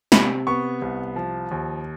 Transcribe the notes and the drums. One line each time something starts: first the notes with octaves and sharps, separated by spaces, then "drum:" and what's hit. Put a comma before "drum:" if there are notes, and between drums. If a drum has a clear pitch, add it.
C3 B5, drum: snare
B3 C#6
C2
F3
D#2